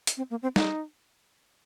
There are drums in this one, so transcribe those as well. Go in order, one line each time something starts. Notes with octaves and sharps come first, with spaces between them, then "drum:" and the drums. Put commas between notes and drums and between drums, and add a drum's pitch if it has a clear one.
drum: hi-hat
C4
A#3
C4
D#4, drum: snare